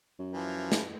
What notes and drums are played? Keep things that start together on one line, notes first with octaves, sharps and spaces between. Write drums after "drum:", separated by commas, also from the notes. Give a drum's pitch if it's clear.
F#2
E3 F3
drum: snare